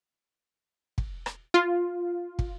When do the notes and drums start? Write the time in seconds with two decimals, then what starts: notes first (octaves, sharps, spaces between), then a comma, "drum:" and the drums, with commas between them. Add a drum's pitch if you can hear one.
0.98 drum: kick
1.26 drum: rim click
1.54 F4
2.39 drum: kick